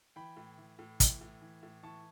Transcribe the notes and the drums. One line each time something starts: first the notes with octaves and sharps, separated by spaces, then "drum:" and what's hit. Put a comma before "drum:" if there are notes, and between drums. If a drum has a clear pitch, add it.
E3 G5 B5
A2
E3
A2
E3, drum: kick, hi-hat
A2
E3
A2
E3 A5 C#6